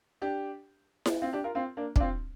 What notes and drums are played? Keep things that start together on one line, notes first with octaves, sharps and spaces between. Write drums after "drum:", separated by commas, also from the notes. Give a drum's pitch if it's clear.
D4 G4
drum: snare E4
C4 F4
D4 G4
F4 A#4
C4 F4
A#3 D4
D4, drum: kick
C4 F4